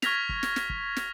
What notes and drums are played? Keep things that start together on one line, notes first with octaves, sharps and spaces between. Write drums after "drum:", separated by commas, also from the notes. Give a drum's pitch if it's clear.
C#6 F6 G#6 A#6 B6 F7, drum: snare
drum: kick
drum: snare
drum: snare
drum: kick
drum: snare